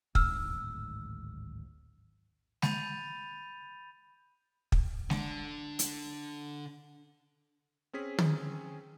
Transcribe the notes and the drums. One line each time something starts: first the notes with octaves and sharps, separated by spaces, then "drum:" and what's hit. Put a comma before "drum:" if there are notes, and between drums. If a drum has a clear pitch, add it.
D1 G#1 G#2 E6 F6, drum: kick
B5 G6 A6 D#7 F7, drum: snare G#3
drum: kick
D3 D4, drum: snare G#3
drum: hi-hat
C4 C#4 G#4 B6
drum: tom